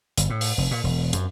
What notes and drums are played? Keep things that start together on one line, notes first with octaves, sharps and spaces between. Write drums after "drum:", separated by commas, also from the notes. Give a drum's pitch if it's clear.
G1, drum: hi-hat
A2
drum: open hi-hat
F1
A#2
E1
F#2, drum: hi-hat